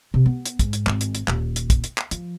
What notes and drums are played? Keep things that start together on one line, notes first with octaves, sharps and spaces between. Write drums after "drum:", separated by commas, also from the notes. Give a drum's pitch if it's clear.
C3
B3
drum: hi-hat
G#2, drum: kick, hi-hat
drum: hi-hat
G#1, drum: clap
drum: hi-hat
drum: hi-hat
D#1, drum: clap
drum: hi-hat
drum: kick, hi-hat
drum: hi-hat
drum: clap
F3, drum: hi-hat